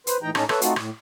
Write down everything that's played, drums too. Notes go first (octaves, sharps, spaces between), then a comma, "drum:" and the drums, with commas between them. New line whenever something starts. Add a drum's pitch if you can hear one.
B4 C5, drum: hi-hat
A2 E3 D#4 G5 A#5
A2 C#4 D#4 A4 A#5, drum: rim click
A4 B4 C#5 E5, drum: rim click
A3 C4 D#4 F4 F#4 A4, drum: hi-hat
A2, drum: rim click